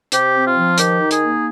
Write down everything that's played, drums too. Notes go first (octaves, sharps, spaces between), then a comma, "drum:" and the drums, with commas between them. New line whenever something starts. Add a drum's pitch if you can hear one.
C3 G4, drum: hi-hat
C4
F4
F3
D#3 G4, drum: hi-hat
D#4
G#4, drum: hi-hat
A#3